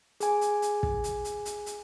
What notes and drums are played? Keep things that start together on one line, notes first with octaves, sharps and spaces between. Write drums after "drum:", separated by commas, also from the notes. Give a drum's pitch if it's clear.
G#4 G#5, drum: hi-hat
drum: hi-hat
drum: hi-hat
drum: kick
drum: hi-hat
drum: hi-hat
drum: hi-hat
drum: hi-hat